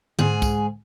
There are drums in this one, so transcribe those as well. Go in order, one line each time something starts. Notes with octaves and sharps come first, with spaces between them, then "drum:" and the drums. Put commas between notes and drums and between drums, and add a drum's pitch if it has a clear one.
G#2 G#4, drum: tom D3
drum: kick, tambourine